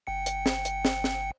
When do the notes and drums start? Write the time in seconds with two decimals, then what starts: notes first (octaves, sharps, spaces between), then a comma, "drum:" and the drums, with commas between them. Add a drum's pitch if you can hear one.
0.07 G1 G5 C#7
0.26 drum: hi-hat
0.46 drum: snare
0.65 drum: hi-hat
0.85 drum: snare
1.04 drum: snare